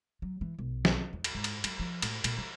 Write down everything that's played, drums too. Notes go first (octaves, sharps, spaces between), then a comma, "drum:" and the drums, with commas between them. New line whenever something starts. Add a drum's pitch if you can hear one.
F#3
E3
B1
drum: snare
E2
drum: cymbal
G#2
drum: cymbal
F#3, drum: cymbal
F3
A2, drum: cymbal
A#2, drum: cymbal
F3